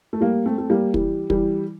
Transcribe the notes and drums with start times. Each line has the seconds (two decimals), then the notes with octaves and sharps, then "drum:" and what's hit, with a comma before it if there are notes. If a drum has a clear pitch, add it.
0.13 A3
0.21 G3 A#3
0.46 A3 C4
0.58 A3
0.70 G3 A#3
0.94 E3 G3, drum: kick
1.30 E3 G3, drum: kick